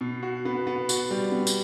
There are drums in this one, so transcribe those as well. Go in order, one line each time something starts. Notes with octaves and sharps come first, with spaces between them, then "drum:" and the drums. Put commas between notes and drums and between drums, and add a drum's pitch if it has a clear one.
B2
F#4
B3
B3
F#4, drum: tambourine
G3
B3
drum: tambourine